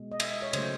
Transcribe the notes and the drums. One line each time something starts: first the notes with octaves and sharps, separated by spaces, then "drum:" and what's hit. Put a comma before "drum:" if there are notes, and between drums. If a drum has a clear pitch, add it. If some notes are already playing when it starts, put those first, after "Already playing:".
Already playing: B2 G#3
D#5
E5, drum: cymbal
C#5
C#3 F#3 A3 C5, drum: cymbal